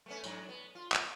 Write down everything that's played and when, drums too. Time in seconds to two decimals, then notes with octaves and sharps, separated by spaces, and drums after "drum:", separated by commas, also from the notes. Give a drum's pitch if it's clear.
0.06 A3 B3 C#4
0.24 G#2 F#3 D4, drum: tambourine
0.49 B3
0.75 F4
0.92 drum: clap